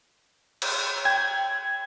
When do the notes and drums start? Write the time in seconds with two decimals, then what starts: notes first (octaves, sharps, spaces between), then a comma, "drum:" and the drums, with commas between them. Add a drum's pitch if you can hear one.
0.62 drum: cymbal
1.05 G5 G#6